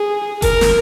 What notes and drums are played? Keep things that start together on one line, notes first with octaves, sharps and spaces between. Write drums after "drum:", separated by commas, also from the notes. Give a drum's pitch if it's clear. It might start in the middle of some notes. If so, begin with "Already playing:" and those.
Already playing: G#4
A#4, drum: kick F#1, hi-hat
drum: snare